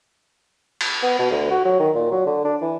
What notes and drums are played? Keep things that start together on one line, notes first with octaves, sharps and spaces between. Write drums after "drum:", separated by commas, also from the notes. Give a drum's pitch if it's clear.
drum: cymbal
B3
B2
D2
F#4
F#3
D#3
A#2
F#3
D3
D4
E3